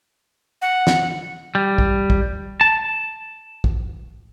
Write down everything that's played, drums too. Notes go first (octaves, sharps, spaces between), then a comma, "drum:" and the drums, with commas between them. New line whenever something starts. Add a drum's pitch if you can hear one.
F#5
drum: snare
G3
drum: kick
drum: kick
A5
drum: kick